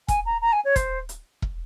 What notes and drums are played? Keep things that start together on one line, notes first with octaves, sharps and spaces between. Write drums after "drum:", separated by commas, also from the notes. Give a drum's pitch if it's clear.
G#5, drum: kick E1, hi-hat
A#5
A#5
G#5
C#5
C5, drum: kick E1, hi-hat
drum: hi-hat
drum: kick E1